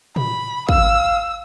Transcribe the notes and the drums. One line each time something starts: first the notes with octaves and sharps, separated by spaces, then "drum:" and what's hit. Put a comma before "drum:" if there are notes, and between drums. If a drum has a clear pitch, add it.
B5, drum: tom
F5 E6, drum: kick